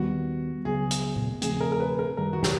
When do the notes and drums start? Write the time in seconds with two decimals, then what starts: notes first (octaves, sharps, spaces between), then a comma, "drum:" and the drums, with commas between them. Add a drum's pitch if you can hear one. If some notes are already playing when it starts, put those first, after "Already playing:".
Already playing: D#2 D#3 G3 B3 F#4
0.65 C#2 C#3 F#3 B3 G#4
0.91 drum: hi-hat
1.16 drum: tom A#2
1.42 E2 C#3 F3 A3 C4 G#4, drum: hi-hat
1.61 A#4
1.72 A#4
1.80 B4
1.99 A#4
2.17 F#2 D#3 G3 A#4
2.33 F#4
2.43 G4, drum: snare